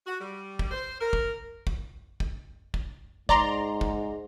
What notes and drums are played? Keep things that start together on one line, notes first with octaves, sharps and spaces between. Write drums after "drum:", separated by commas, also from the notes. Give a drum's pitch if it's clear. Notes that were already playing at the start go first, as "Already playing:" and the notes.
F#4
G3
drum: kick
C5
A#4
drum: kick
drum: kick
drum: kick
drum: kick
G#2 D5 A#5 C6, drum: kick
drum: kick